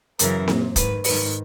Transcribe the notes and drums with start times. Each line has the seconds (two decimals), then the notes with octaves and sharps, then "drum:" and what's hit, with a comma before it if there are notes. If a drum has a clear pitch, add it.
0.19 F#2 C#3 E3 A#4, drum: hi-hat
0.48 A#2, drum: snare C4
0.76 G#2 D#3 B4, drum: kick, hi-hat
1.04 G#2 D#3 B4, drum: open hi-hat